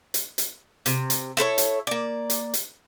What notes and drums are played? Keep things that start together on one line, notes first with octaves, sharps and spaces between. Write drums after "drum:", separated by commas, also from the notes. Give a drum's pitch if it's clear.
drum: hi-hat
drum: hi-hat
C3, drum: hi-hat
drum: hi-hat
E4 A4 B4 C#5
drum: hi-hat
A#3 D5
drum: hi-hat
drum: hi-hat